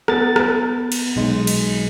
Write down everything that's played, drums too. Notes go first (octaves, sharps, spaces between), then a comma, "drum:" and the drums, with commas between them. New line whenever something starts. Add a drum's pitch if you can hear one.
B3 A6, drum: rim click
drum: rim click
drum: cymbal
B1 G#3
drum: cymbal